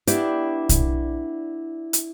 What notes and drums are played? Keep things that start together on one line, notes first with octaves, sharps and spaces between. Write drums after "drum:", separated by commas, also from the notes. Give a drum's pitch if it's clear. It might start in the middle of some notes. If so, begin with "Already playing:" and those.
B3 D4 E4 G4 D5 G5, drum: hi-hat
drum: kick, hi-hat
drum: hi-hat